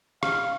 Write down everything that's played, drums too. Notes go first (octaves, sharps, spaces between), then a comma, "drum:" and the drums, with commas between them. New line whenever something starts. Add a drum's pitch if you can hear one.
F5, drum: rim click